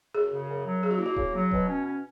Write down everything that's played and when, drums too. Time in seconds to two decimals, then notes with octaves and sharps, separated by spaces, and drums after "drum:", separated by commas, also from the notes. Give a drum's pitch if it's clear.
0.15 F#2 G#4
0.32 C#3
0.49 F#2
0.66 F#3
0.83 C#3 G#4
0.91 F#4
0.98 A#3 E4
1.06 F#4
1.16 C#3, drum: kick D#1
1.34 F#3
1.51 B2, drum: kick D#1
1.68 C#4
1.85 C#4